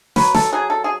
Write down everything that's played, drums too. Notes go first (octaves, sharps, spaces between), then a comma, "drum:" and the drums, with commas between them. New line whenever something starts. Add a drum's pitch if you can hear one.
F#3 B4, drum: snare
A4, drum: snare
F#3 G#4
A4
G#4